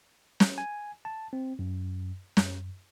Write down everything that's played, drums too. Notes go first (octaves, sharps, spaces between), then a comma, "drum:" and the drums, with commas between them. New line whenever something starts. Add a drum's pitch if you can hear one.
drum: snare
G#5
A5
C4
F#2
F#2, drum: snare